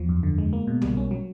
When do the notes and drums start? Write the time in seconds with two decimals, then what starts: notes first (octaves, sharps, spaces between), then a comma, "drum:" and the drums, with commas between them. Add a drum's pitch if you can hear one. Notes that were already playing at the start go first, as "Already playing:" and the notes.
Already playing: E2 F3
0.09 F#2
0.23 D3
0.38 G#3
0.53 A#3
0.67 B2
0.82 G3, drum: tom
0.97 C#4
1.11 F#3